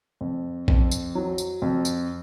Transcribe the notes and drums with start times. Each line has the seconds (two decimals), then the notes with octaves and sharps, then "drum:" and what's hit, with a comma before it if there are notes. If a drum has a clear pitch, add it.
0.21 F2
0.68 F2, drum: kick
0.91 drum: tambourine
1.15 F#3
1.38 drum: tambourine
1.62 F2
1.85 drum: tambourine